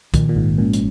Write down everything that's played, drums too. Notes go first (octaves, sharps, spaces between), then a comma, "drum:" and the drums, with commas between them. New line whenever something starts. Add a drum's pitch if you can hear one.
A#1 A#2 D#3, drum: kick, hi-hat
A#2
G#1 G#2
A#1 A#2 G#3 C#4
drum: hi-hat